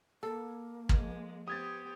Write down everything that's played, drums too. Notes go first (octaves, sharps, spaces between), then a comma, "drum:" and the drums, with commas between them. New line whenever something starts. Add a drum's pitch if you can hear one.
A#3 A4
F3 G#3, drum: kick
B3 G4 C5 D#6 G#6 A6